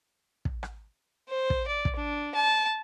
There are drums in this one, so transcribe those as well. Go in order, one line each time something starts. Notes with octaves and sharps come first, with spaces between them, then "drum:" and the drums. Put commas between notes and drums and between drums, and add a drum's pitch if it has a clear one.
drum: kick
drum: rim click
C5
drum: kick
D5
drum: kick
D4
A5